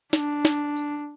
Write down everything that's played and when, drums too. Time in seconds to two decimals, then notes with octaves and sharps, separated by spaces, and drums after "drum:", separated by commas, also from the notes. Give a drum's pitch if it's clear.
0.13 D4, drum: snare
0.45 drum: snare
0.76 drum: tambourine